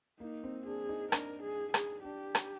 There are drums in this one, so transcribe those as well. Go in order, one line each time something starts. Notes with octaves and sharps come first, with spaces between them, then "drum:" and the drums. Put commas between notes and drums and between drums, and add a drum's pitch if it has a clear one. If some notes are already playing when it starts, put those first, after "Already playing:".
A#3 D#4
C4
D4 G#4
D#4
D4 A#4, drum: rim click
G#4
G#4, drum: rim click
D4 G4
drum: rim click